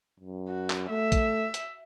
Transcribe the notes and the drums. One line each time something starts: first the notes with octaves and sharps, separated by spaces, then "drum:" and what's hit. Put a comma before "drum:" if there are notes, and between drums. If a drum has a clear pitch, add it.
F#2
F#4
drum: clap
A3 E5
drum: kick, hi-hat
drum: hi-hat